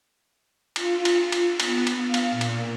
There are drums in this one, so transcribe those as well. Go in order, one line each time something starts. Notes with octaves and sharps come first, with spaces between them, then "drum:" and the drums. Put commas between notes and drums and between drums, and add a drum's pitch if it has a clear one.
F4, drum: cymbal
drum: cymbal
drum: cymbal
B3, drum: cymbal
drum: cymbal
F5
drum: cymbal
A#2
drum: cymbal